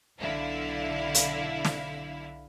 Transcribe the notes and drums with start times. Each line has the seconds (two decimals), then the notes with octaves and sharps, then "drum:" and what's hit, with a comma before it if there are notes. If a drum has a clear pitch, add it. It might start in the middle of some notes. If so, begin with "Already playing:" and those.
0.20 B1 D3 E4 F5
1.15 drum: hi-hat
1.65 drum: snare